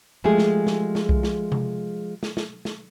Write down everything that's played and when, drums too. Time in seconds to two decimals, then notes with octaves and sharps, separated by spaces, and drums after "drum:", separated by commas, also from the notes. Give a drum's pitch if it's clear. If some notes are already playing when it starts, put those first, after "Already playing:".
0.24 F3 G#3 A3 G4 G#4
0.38 drum: snare
0.67 drum: snare
0.95 drum: snare
1.09 drum: kick B1
1.23 drum: snare
1.52 drum: tom C3
2.23 drum: snare
2.37 drum: snare
2.65 drum: snare